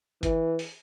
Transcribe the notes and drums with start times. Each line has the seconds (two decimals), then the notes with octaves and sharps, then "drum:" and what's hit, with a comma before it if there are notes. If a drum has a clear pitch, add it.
0.23 E3, drum: kick G1, hi-hat
0.59 drum: open hi-hat